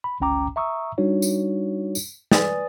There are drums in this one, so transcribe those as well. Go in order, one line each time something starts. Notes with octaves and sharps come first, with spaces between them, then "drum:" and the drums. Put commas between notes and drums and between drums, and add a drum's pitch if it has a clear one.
B5
G1 C#2 C#4 G5 A#5 D6
E5 A#5 C#6 D#6 E6
G3 D4 D#4 F#4 C#5
drum: tambourine
drum: tambourine
B4 D5 G#5 D#6 A6, drum: snare